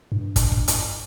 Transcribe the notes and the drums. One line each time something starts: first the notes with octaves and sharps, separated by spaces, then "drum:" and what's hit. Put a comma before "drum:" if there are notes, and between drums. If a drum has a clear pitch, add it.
G2
drum: kick, hi-hat
drum: kick
drum: hi-hat